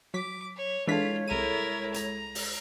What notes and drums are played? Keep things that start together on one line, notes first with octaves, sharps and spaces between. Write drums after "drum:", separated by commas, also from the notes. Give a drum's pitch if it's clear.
F#3 D6 B6
C#5
E3 G#3 D4 F4 A4 C#5 B6
C2 E4 A#4 D#7
A#5, drum: hi-hat
drum: open hi-hat